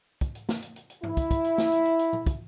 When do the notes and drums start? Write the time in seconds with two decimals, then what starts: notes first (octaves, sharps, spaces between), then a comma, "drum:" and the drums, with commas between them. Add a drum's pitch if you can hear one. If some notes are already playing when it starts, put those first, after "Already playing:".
0.21 drum: kick, hi-hat
0.35 drum: hi-hat
0.49 drum: snare
0.62 drum: hi-hat
0.76 drum: hi-hat
0.90 drum: hi-hat
1.03 E4, drum: tom G2
1.17 drum: kick, hi-hat
1.31 drum: kick, hi-hat
1.44 drum: hi-hat
1.58 drum: snare
1.72 drum: hi-hat
1.85 drum: hi-hat
1.99 drum: hi-hat
2.13 drum: tom A#2
2.26 drum: kick, hi-hat